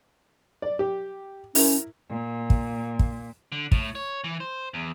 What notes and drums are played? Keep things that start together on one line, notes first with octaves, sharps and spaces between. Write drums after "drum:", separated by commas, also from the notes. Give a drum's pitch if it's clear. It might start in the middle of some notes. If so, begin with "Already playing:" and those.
D5
G4
C#4 E4 A#4, drum: open hi-hat
A#2
drum: kick
drum: kick
D3
A2, drum: kick
C#5
E3
C5
E2